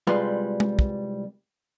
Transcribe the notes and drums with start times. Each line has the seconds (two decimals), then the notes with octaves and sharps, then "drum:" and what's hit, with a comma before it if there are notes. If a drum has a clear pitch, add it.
0.07 C2 G3 G#3 F4 B4 C6
0.60 drum: tom
0.79 drum: kick